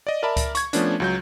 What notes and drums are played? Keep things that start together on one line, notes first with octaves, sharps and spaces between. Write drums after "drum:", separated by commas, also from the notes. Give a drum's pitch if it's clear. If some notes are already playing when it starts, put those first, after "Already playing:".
D5 D#5
A#4 D5 E5 A5 B5
drum: kick C#2, hi-hat
C#6 G#6, drum: hi-hat
F3 A3 B3 C#4 D4, drum: hi-hat
C#2 F#3 G6